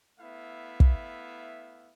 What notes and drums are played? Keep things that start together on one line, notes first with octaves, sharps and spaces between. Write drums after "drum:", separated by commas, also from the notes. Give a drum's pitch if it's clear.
A3 B3 E4 E5 F5
drum: kick